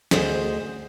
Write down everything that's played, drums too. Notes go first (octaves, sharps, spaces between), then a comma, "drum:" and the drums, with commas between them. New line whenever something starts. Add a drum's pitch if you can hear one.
D2 G#4 C5 D#5, drum: snare